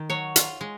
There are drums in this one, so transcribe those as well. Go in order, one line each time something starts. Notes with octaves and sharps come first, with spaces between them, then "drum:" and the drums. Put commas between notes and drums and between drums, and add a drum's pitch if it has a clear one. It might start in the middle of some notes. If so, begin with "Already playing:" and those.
Already playing: D#3
F#3 C#5
F4, drum: hi-hat
G#3